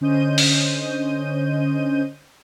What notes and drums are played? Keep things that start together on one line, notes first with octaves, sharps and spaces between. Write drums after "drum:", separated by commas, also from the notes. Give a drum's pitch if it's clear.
D3 C#4 C5 D#5 G6 D#7
drum: open hi-hat